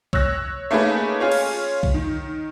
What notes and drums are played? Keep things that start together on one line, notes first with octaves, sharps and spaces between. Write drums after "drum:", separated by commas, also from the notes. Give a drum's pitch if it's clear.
C#5 E6 F#6 A#6, drum: kick B1
A3 A#3 C#4 D#4 G#4 B4
C#4 F4 G#4 C#5
drum: cymbal
drum: kick B1
D#3